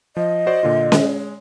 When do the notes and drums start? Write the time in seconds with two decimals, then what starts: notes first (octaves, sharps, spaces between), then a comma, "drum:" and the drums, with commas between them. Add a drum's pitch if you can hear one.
0.17 F3 D#5
0.46 F#4 C5 D5
0.63 A#2 D3 F4
0.92 G#3, drum: snare C#4